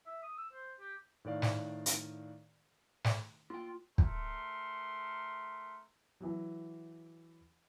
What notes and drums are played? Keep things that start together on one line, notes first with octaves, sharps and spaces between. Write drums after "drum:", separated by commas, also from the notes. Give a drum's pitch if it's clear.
E5
D#6
E6
C5
G4
A2 D#3 D5 F5
drum: snare
drum: hi-hat
drum: snare
A#3 F4 G5
A3 A#4 C6, drum: kick
E3 F#3